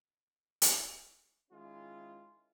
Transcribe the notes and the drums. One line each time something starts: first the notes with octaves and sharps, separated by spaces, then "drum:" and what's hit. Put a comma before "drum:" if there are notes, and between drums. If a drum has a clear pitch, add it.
drum: hi-hat
D#3 G#3 C#4 E4 F4